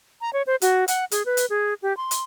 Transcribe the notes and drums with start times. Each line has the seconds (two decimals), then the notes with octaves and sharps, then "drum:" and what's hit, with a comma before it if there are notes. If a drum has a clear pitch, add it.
0.21 A#5
0.33 C#5
0.47 C5
0.62 F#4, drum: hi-hat
0.88 F#5, drum: hi-hat
1.11 G#4, drum: hi-hat
1.26 B4
1.37 drum: hi-hat
1.50 G#4
1.82 G4
1.97 C6
2.11 drum: hi-hat